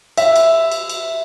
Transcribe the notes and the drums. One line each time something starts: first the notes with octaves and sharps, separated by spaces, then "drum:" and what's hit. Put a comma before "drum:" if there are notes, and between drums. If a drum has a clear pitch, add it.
E5, drum: cymbal
drum: cymbal
drum: cymbal
drum: cymbal